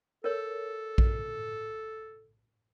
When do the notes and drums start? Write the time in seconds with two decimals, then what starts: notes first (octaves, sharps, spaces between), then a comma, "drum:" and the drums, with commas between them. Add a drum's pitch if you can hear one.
0.24 A4 A#4 C#5
0.98 drum: kick A#1